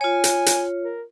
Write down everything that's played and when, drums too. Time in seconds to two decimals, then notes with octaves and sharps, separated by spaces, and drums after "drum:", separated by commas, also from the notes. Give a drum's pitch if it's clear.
0.01 F4 C#5 G#5
0.24 drum: hi-hat
0.46 drum: hi-hat
0.84 A#4